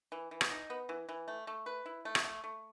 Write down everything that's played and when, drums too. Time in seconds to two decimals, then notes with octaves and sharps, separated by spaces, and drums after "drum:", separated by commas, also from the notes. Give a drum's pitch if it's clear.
0.12 E3
0.31 E3
0.41 drum: rim click
0.50 D#4
0.70 B3
0.89 E3
1.09 E3
1.28 A3
1.47 A3
1.66 B4
1.86 E4
2.05 A3
2.15 drum: rim click
2.24 A3
2.44 A3